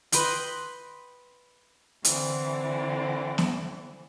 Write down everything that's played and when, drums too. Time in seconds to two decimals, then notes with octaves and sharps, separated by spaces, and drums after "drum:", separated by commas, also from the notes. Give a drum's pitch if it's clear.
0.12 B4 D#5 G5 C6, drum: hi-hat
2.05 D3 E3 C4, drum: hi-hat
3.38 drum: snare B3